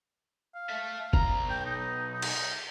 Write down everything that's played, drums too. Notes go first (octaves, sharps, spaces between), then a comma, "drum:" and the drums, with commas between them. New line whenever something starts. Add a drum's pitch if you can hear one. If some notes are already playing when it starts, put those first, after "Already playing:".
F5
E5 A5
B1 A#5, drum: kick
G5
D#4
D#4
drum: cymbal